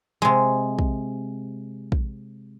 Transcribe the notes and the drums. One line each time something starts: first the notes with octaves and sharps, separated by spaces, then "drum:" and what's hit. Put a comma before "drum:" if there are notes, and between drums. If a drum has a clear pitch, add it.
C3 G#3
drum: kick
drum: kick